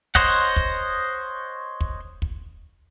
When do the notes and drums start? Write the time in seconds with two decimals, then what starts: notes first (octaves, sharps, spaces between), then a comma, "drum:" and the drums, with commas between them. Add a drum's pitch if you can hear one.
0.15 C5 C#5 D#5 F#5, drum: kick
0.56 drum: kick
1.81 drum: kick
2.22 drum: kick